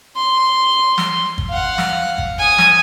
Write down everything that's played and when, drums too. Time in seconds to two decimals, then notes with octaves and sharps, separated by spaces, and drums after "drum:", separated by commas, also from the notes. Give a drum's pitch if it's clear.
0.16 C6
0.98 drum: snare
1.38 drum: kick
1.50 F5 F#5
1.78 drum: snare
2.18 drum: kick
2.38 G#5 D#6
2.58 drum: snare